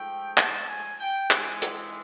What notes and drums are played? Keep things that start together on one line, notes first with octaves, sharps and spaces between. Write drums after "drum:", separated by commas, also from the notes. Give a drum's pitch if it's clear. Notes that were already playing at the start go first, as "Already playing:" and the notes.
Already playing: G#2 F3 A3 G5
A5, drum: clap
G#5
G5
G#2 E3 G#3 C4 G#5, drum: clap
drum: hi-hat